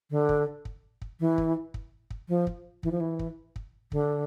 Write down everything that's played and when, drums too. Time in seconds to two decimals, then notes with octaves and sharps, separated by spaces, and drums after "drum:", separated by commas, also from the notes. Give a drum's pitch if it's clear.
0.10 D3
0.29 drum: kick
0.65 drum: kick
1.02 drum: kick
1.20 E3
1.38 drum: kick
1.74 drum: kick
2.10 drum: kick
2.29 F3
2.47 drum: kick
2.83 E3, drum: kick
2.92 F3
3.00 E3
3.19 drum: kick
3.56 drum: kick
3.92 D3, drum: kick